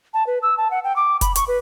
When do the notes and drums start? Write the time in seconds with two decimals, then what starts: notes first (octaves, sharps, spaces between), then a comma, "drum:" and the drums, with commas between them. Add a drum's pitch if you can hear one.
0.14 A5
0.27 B4
0.42 E6
0.57 A5
0.71 F#5
0.84 G5
0.96 D6
1.21 B5, drum: kick F1, hi-hat
1.36 C#6, drum: hi-hat
1.48 B4